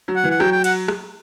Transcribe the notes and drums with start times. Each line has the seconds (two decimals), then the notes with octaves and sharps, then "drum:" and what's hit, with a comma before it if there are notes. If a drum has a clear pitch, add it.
0.08 F#3
0.16 F#5
0.24 E3
0.31 F#5
0.40 F#3 G5, drum: rim click
0.52 G5
0.64 F#5, drum: cymbal
0.88 drum: rim click